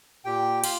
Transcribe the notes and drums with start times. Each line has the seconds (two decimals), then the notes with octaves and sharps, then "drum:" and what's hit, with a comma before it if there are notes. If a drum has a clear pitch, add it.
0.25 A#2 G4 G5
0.64 F4 F5, drum: cymbal